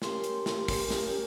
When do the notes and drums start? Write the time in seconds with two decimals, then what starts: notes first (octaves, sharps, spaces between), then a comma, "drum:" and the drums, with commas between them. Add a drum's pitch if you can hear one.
0.02 C#4 G4 A#4 C6, drum: snare
0.24 drum: hi-hat
0.46 C6, drum: snare
0.68 drum: kick, open hi-hat
0.90 D#6, drum: snare